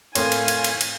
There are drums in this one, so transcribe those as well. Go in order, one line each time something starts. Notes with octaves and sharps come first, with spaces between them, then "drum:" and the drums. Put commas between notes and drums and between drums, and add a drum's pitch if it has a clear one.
A2 C4 A#4 F5 G#5, drum: cymbal
drum: cymbal
drum: cymbal
drum: cymbal
drum: cymbal